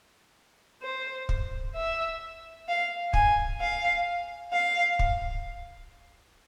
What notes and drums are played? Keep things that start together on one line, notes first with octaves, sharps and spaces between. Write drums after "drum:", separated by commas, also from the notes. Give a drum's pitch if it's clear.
C5
drum: kick
E5
F5
G#5, drum: kick
F5
F5
drum: kick